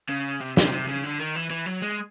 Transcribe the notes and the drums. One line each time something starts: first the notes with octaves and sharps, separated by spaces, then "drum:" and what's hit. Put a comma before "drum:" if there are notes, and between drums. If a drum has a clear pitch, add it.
C#3
C3
C3, drum: snare
C3
C#3
D3
D#3
E3
E3
F#3
G#3